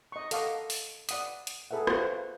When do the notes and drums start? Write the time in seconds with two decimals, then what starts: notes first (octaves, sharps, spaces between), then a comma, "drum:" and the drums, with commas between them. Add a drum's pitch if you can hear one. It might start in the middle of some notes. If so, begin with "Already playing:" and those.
0.12 D#5 C#6
0.31 A4 D#5 F5 F#5 C#6 D6, drum: hi-hat
0.70 drum: open hi-hat
1.09 D5 F#5 D#6, drum: hi-hat
1.47 drum: hi-hat
1.71 G#4 A4 B4 E5 F#5
1.87 F4 F#4 B4 C5 C#6, drum: rim click